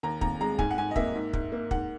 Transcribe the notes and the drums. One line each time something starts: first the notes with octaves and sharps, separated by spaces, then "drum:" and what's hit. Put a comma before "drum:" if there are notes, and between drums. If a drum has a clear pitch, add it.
D#2 A#5
D#2 A#5, drum: kick
G#3 A#5
G#2 G#5, drum: kick
F#5
G#2 G#5
D#5
A#3 E5, drum: kick
G#2
G#2, drum: kick
A#3
G#2 F#5, drum: kick